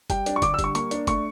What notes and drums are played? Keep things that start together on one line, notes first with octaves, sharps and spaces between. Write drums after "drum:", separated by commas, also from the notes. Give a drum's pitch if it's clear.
G3 G5, drum: kick, hi-hat
D4, drum: hi-hat
C#6
D3 D6, drum: kick, hi-hat
E6
G3, drum: kick, hi-hat
C#6
A#3 C#6, drum: hi-hat
D4, drum: hi-hat
A3 C#6, drum: kick, hi-hat